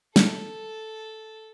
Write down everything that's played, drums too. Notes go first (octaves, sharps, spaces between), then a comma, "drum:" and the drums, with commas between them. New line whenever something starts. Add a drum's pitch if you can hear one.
A4, drum: snare